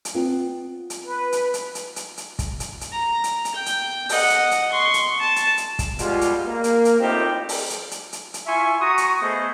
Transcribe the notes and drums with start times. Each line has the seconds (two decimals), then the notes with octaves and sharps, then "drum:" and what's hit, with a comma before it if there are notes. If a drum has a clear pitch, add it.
0.05 drum: hi-hat
0.15 B3 C4 F4
0.90 drum: hi-hat
1.04 B4
1.32 drum: hi-hat
1.54 drum: hi-hat
1.75 drum: hi-hat
1.96 drum: hi-hat
2.17 drum: hi-hat
2.39 drum: kick, hi-hat
2.60 drum: hi-hat
2.81 drum: hi-hat
2.93 A#5
3.24 drum: hi-hat
3.45 drum: hi-hat
3.55 G5
3.66 drum: hi-hat
4.09 D#5 F#5, drum: open hi-hat
4.30 drum: hi-hat
4.51 drum: hi-hat
4.73 C6 C#6
4.94 drum: hi-hat
5.20 A5
5.36 drum: hi-hat
5.58 drum: hi-hat
5.79 drum: kick, hi-hat
5.99 B2 G3 G#3 F4, drum: hi-hat
6.21 drum: hi-hat
6.47 A#3
6.64 drum: hi-hat
6.85 drum: hi-hat
7.00 A1 A2 C4 D#4 F4 G4
7.49 drum: open hi-hat
7.70 drum: hi-hat
7.91 drum: hi-hat
8.13 drum: hi-hat
8.34 drum: hi-hat
8.46 E4 F4 E5 G#5 C6 C#6
8.81 F#4 A#5 C#6 D#6
8.98 drum: hi-hat
9.22 A3 B3 G#4 C5 D#5